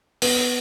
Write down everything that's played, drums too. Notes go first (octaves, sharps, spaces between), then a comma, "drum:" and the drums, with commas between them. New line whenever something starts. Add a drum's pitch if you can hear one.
B3, drum: open hi-hat